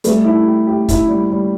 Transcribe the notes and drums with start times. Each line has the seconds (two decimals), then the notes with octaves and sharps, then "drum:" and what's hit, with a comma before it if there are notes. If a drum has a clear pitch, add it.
0.04 G3 A3, drum: hi-hat
0.25 E4
0.46 G4
0.67 G4
0.89 E4, drum: kick, hi-hat
1.08 G3
1.30 G3